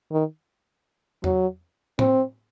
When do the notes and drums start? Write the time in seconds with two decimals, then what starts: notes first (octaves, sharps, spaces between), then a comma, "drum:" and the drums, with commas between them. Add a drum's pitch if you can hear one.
0.12 D#3
1.24 F#3, drum: tom E2
1.99 C4, drum: tom A2